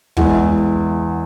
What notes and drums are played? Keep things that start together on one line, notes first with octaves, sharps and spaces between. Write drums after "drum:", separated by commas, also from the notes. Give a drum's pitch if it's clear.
E2 E3 G#3 E4 F#5, drum: kick
E5